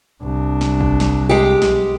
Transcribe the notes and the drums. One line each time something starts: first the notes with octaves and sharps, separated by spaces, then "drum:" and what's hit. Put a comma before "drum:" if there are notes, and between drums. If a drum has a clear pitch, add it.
C2 D4
drum: snare
drum: kick
drum: snare
G#3 G4
B1, drum: snare